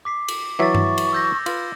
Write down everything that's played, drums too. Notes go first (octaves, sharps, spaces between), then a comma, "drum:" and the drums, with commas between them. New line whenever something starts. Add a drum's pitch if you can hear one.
D6 B6 C7
drum: cymbal
E3 F#3 E5 C#6 D6 A6
drum: tom G2
drum: cymbal
E6 G6 A#6
F4 B4, drum: cymbal